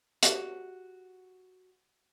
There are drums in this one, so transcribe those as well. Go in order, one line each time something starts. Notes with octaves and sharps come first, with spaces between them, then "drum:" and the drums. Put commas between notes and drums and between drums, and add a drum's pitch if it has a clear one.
F#4 G4 E5, drum: hi-hat